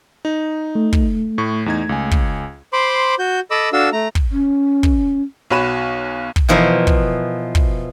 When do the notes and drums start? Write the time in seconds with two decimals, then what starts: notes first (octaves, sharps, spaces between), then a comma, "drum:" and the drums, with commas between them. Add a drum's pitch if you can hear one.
0.25 D#4
0.75 A3
0.93 drum: kick
1.38 A2 C#6
1.66 E2 D#4 G#6
1.89 C#2 G#5
2.11 drum: kick
2.73 C5 B5 C6 D6
3.19 F#4 G6
3.51 A4 D#5 B5 D6 E6
3.73 D4 F#4 A4 F5 E6
3.93 A3 A#5
4.15 drum: kick
4.32 C#4
4.83 drum: kick
5.50 B1 F#4 C#5 B5 D#7 E7
6.36 drum: kick
6.49 B2 E3 F3 E4 A#4
6.87 drum: kick
7.55 drum: kick